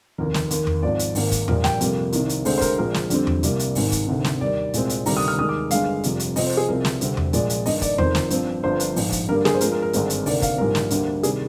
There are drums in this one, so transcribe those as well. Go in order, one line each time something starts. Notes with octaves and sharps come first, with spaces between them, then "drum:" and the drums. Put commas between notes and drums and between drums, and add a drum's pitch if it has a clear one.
F1 D#2 D#3 A#4
drum: snare
D#2 D#3 A#3, drum: hi-hat
drum: tom E2
G#1 G#2 F3 D5
drum: hi-hat
G#1 G#2 D#3 A#3, drum: open hi-hat
drum: kick, hi-hat
A#1 A#2 G3 A#4, drum: tom E2
G5, drum: snare
F2 C3 G3 A#3, drum: hi-hat
C2 C3 D#3, drum: hi-hat
drum: hi-hat
D2 D3 G#3 C4 C5, drum: open hi-hat
C5
A#4, drum: kick, hi-hat
A#1 A#2 F3 G#3 A#4
drum: snare
F2 D3 G3 C4, drum: hi-hat
drum: tom E2
C2 C3 G3 A#3, drum: hi-hat
drum: hi-hat
G#1 G#2 D#3, drum: open hi-hat
drum: kick, hi-hat
D2 C3 D#3
drum: snare
D#2 D#3 G3 D5
C2 A#2 G#3 C4, drum: hi-hat
drum: hi-hat
D2 C3 D#3 G3 A#5, drum: open hi-hat
D#6
F6
D#2 D#3 G#3 D#6
D6
G1 G2 D3 G#3 F5, drum: hi-hat
F1 F2 C3 G3, drum: hi-hat
drum: hi-hat
F2 C3 F3 C4 D#5, drum: open hi-hat
C5
G#4
C2 C3 F3 C4 A#4
drum: snare
D2 C3 G3 C4, drum: hi-hat
drum: tom E2
A#1 A#2 G#3 D5, drum: hi-hat
drum: hi-hat
G2 D#3 A#3 D#5, drum: open hi-hat
D5, drum: kick, hi-hat
F1 F2 D#3 C5, drum: tom E2
drum: snare
G2 F3 C4, drum: hi-hat
G1 G2 F3 C5
drum: hi-hat
A#1 G#2 F3, drum: open hi-hat
drum: kick, hi-hat
G2 D3 G3 A#3 A#4
G#4, drum: snare
C5
G2 F3 G#3 A#4, drum: hi-hat
A#4
A#4
G#1 G2 D3 G#3 C4 A#4, drum: hi-hat
drum: hi-hat
D2 C3 D#3 A#3 D5, drum: open hi-hat
F5, drum: kick, hi-hat
A#1 G#2 G3 A#3 A#4
drum: snare
D2 D3 G3 A#3, drum: hi-hat
C3 D#3 G3 G#4, drum: hi-hat